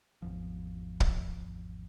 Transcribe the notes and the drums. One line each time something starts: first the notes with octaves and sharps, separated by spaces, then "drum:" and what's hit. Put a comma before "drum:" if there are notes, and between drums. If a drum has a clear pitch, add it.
G#1 E2 F3
drum: kick